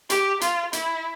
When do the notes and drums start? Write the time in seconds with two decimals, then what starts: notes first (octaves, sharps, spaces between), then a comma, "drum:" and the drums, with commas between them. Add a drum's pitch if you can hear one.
0.10 G4, drum: hi-hat
0.41 F4, drum: hi-hat
0.73 E4, drum: hi-hat